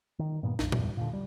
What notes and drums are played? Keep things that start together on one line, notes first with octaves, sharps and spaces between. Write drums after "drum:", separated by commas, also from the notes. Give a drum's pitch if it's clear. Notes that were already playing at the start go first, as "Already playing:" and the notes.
D#3
G2 A#2 D#3 B3
A#1 F2, drum: snare
E2 G2, drum: tom
A#2 D3
G3